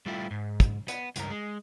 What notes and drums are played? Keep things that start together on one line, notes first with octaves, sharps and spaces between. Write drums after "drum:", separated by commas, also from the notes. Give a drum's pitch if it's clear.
G3 A3 E4 F4 G4
G#2
drum: kick, hi-hat
B3, drum: hi-hat
C#2 G2 A#4, drum: hi-hat
G#3